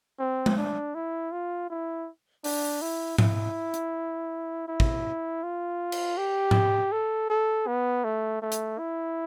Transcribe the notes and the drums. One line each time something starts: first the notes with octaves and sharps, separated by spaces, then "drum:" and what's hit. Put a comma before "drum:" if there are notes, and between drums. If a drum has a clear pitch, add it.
C4
drum: tom G#3
D4
E4
F4
E4
D4, drum: open hi-hat
E4
E4, drum: tom G#2
drum: hi-hat
E4
drum: kick
F4
drum: cymbal
G4
drum: tom G#2
A4
A4
B3
A3
A3
drum: hi-hat
E4